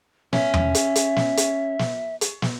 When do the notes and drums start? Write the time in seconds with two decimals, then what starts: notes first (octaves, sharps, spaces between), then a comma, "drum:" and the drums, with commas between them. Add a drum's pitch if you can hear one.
0.33 C#4 E5, drum: snare
0.54 drum: tom E2
0.75 drum: hi-hat
0.95 drum: hi-hat
1.16 drum: snare
1.37 drum: hi-hat
1.79 drum: snare
2.21 drum: hi-hat
2.42 drum: snare